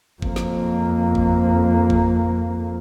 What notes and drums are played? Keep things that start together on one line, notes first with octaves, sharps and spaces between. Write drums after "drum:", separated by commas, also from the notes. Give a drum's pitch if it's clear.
F2 A#3, drum: kick
drum: snare
drum: kick
drum: kick